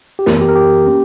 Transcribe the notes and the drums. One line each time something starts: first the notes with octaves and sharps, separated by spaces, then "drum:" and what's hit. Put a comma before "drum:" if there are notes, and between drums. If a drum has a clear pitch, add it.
G4
F#2 E3 B3 A#4, drum: snare
G4
A#4
G4
A#3 C#4